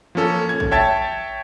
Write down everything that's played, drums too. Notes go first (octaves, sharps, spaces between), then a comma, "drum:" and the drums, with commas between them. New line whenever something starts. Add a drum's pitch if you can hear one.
F3 A#3 C#4 A4
G#6
drum: kick
C#5 E5 G5 A5 G#6 A6